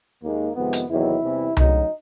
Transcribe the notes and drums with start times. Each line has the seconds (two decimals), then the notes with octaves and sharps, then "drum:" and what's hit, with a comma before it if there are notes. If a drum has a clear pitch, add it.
0.23 D#2 D#3 G#3 A#3
0.56 F2 C3 D#3 G#3 B3
0.73 drum: hi-hat
0.90 E2 C3 D#3 F#3 E4
1.22 E2 C3 E3 G3
1.57 D2 C#3 F#3 D#4, drum: tom C2